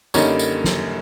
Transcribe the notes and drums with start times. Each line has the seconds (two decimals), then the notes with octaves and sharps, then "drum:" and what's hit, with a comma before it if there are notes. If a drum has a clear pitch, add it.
0.14 F#2 D3 G3 A#3 D#4 C#5, drum: tambourine
0.39 drum: tambourine
0.64 drum: snare